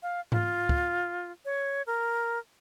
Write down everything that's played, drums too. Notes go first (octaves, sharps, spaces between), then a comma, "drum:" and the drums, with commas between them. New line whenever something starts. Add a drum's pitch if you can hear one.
F5
F4, drum: tom G#2
drum: kick
C#5
A#4